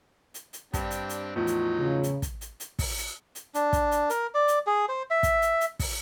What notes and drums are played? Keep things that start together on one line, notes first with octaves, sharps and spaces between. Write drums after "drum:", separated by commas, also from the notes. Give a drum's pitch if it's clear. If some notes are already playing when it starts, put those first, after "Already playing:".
drum: hi-hat
drum: hi-hat
G2 C4 D4 G4, drum: kick, hi-hat
drum: hi-hat
drum: hi-hat
E2 A2 F3 F#3 D#4 F4
drum: hi-hat
C#3
drum: hi-hat
drum: kick, hi-hat
drum: hi-hat
drum: hi-hat
drum: kick, open hi-hat
drum: hi-hat
drum: hi-hat
D4, drum: hi-hat
drum: kick, hi-hat
drum: hi-hat
A#4, drum: hi-hat
D5
drum: hi-hat
G#4
C5
E5
drum: kick, hi-hat
drum: hi-hat
drum: hi-hat
drum: kick, open hi-hat